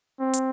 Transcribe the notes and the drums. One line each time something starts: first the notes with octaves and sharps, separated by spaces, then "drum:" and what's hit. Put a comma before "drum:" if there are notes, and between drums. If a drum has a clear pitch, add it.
C4
drum: hi-hat